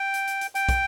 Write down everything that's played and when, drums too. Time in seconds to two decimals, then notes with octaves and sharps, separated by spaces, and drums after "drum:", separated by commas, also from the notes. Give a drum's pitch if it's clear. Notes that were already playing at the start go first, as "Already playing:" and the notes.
Already playing: G5
0.14 drum: hi-hat
0.27 drum: hi-hat
0.41 drum: hi-hat
0.55 G5, drum: hi-hat
0.69 drum: kick, hi-hat